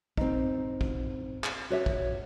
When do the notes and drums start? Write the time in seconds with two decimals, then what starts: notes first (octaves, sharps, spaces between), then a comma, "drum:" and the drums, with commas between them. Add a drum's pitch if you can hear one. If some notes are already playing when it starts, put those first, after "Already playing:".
0.17 C4 D#4, drum: kick
0.81 drum: kick
1.44 drum: clap
1.70 F#4 C#5 E5
1.86 drum: kick